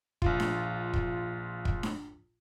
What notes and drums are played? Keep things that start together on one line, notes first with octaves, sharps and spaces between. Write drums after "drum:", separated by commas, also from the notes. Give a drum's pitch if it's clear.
A#1 F4, drum: kick
drum: snare D4
drum: kick
drum: kick
drum: snare D4